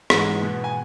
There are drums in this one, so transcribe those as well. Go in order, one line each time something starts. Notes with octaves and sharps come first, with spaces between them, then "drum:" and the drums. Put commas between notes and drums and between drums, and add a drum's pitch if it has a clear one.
G#2 E3 G#3 B3, drum: rim click
B2 B3
G#5